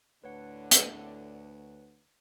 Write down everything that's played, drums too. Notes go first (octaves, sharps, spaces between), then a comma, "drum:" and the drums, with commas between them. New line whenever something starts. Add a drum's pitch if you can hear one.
D2 A2 D3 D4 B4 C#5 F#5
drum: hi-hat